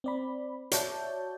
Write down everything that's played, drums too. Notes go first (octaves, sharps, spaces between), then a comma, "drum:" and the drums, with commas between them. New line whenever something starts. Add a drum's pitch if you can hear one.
C4 D5 B5
F#4 C#5 D5 E5 A5 G6, drum: hi-hat